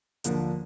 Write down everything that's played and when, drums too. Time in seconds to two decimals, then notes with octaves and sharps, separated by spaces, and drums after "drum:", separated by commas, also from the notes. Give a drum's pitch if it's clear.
0.24 D#2 D3 F3 A#3 D4, drum: hi-hat